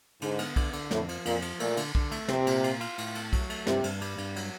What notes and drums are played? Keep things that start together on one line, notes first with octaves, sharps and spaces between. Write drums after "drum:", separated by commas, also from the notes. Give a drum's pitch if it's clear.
G#2 D3, drum: cymbal
B3, drum: cymbal
D3, drum: kick B1, cymbal
D3, drum: cymbal
F2 A2, drum: snare
F3, drum: cymbal
F2 A#2, drum: cymbal
F3, drum: cymbal
A#2 A3, drum: cymbal
D3, drum: cymbal
D3, drum: kick B1
A3, drum: cymbal
C3 C4, drum: snare
A#2, drum: cymbal
F4, drum: cymbal
F4, drum: cymbal
A2, drum: cymbal
A3, drum: cymbal
F#3, drum: kick B1, cymbal
A3, drum: cymbal
G2 C3, drum: snare
G2, drum: cymbal
G3, drum: cymbal
G2, drum: cymbal
F#3, drum: cymbal